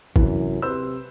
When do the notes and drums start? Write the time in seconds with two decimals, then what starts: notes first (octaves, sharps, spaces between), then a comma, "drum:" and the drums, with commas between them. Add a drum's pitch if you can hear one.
0.16 F#2 C3 E3, drum: kick
0.62 C3 B4 C5 E6